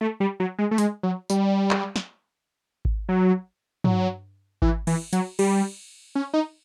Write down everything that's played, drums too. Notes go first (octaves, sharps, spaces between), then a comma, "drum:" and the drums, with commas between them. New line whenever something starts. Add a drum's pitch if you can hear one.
A3
G3
F#3
G#3
A3
G#3, drum: hi-hat
F#3
G3, drum: tambourine
drum: clap
drum: snare
drum: kick G#1
F#3
F#3, drum: tom
E3, drum: kick G#1
E3, drum: cymbal
F#3, drum: hi-hat
G3, drum: cymbal
C#4
D#4